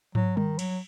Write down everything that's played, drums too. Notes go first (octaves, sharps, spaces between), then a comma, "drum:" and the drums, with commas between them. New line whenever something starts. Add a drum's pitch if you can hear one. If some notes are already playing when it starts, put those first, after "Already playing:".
F#3, drum: tom
D#3, drum: tom G3
F#3, drum: cymbal